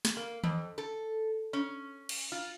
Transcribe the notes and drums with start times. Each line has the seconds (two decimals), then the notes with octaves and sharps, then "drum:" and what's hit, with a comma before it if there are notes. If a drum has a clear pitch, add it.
0.05 drum: snare
0.17 A#3
0.44 F2, drum: tom
0.78 A4
1.53 C#4
2.09 drum: cymbal
2.32 F4